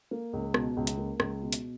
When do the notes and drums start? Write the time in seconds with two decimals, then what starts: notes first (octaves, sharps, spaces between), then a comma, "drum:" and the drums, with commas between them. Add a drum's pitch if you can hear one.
0.11 A#3
0.33 C#2
0.54 B2, drum: rim click
0.77 C#2
0.87 drum: hi-hat
0.98 A#3
1.20 C#2, drum: rim click
1.42 B2
1.52 drum: hi-hat